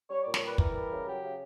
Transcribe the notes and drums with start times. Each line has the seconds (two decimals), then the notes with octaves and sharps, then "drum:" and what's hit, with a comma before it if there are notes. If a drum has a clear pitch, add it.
0.10 G3 C#5
0.22 A#2 D5
0.34 C#5, drum: snare
0.42 G3 B4
0.58 E3 A#4, drum: kick
0.74 G3
0.91 C#3
1.06 F#3 G4
1.23 C#3